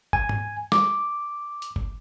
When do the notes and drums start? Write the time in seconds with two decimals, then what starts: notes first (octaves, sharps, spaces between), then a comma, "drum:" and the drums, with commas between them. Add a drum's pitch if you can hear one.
0.13 G#5, drum: kick G1
0.29 drum: tom G#2
0.72 D6, drum: snare
1.62 drum: hi-hat
1.76 drum: kick G1